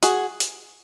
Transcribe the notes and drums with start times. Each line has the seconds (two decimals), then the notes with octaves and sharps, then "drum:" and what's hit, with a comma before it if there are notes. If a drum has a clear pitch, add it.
0.03 F#4 G#4, drum: hi-hat
0.40 drum: hi-hat